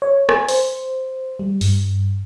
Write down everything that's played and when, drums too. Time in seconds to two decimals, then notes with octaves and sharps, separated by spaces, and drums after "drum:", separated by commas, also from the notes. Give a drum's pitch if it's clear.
0.02 C#5
0.29 G#5, drum: rim click
0.48 C5, drum: open hi-hat
1.39 G3
1.61 G2, drum: open hi-hat